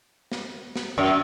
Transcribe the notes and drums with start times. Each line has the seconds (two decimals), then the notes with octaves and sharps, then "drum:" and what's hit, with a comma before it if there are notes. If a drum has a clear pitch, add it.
0.32 drum: snare
0.76 drum: snare
0.98 F#2